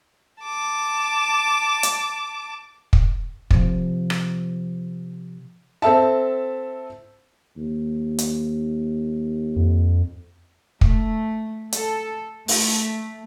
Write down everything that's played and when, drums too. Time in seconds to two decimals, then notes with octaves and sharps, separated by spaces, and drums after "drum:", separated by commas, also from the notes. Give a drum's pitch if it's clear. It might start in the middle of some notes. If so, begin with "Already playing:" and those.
0.43 A5 D6
1.83 drum: hi-hat
2.93 drum: kick
3.51 C3 F3, drum: kick
4.10 drum: rim click
5.82 C4 A4 E5 A5
7.57 D#2
8.18 drum: hi-hat
9.56 F2
10.81 A3, drum: kick
11.73 A4, drum: hi-hat
12.48 A3, drum: open hi-hat